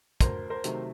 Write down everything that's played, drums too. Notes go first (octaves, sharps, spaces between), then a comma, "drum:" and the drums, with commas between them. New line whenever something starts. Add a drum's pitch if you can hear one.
D2 A#4 C5, drum: kick, hi-hat
A#4 C5
C3 D#3 F#3 A3, drum: hi-hat